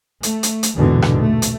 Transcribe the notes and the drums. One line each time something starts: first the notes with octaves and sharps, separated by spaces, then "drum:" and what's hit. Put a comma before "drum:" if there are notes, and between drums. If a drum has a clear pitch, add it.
A3, drum: hi-hat
drum: hi-hat
drum: hi-hat
A#1 E2 G#2 B2 D3 E3
drum: rim click
A3
drum: hi-hat